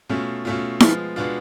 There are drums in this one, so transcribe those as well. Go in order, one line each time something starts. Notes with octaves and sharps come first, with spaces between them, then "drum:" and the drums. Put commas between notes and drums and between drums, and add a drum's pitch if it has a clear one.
B2 A3 C#4 F4
B2 A3 C#4 F4
F3 G#3 B3 F4, drum: snare E4
B2 G#3 B3 D4 F4